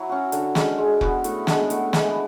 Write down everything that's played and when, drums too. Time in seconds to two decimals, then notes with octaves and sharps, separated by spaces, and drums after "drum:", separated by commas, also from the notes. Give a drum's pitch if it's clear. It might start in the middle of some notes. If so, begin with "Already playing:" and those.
Already playing: F#3 E4
0.09 C#4 F#4
0.32 D3, drum: hi-hat
0.55 G#3 C#4, drum: snare
0.78 G#3
1.01 B3 F#4, drum: kick F1
1.24 A2, drum: hi-hat
1.47 G#3 B3 D4, drum: snare
1.70 A2, drum: hi-hat
1.93 E3 G#3 B3, drum: snare